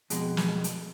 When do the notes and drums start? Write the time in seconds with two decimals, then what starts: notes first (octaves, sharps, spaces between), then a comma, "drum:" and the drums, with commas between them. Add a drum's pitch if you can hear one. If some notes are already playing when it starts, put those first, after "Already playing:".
0.10 F2 B2 G#3, drum: hi-hat
0.37 drum: snare
0.64 drum: hi-hat